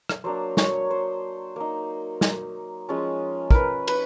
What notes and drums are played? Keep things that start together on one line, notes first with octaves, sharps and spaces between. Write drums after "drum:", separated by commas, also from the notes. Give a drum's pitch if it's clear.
drum: rim click
F#3 A#3 D4 C5
C#5, drum: snare
C5
A#3 D#4
drum: snare
F3 G#3 C#4 F4
A#4 B4, drum: kick
B4, drum: cymbal